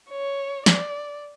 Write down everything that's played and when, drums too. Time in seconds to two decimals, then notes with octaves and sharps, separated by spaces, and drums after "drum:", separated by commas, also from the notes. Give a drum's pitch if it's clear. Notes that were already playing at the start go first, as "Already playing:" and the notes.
0.10 C#5
0.66 D5, drum: snare